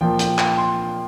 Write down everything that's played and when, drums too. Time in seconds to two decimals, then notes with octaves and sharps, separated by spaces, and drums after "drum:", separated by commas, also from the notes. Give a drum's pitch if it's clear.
0.01 A#2 F3 A#3 G5
0.19 G5, drum: hi-hat
0.38 G5, drum: clap
0.58 C6